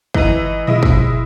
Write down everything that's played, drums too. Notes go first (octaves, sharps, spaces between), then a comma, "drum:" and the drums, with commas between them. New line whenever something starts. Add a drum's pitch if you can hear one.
E3 D#5 A#5 D#6, drum: kick
B1 G#3 E4 D#5
drum: kick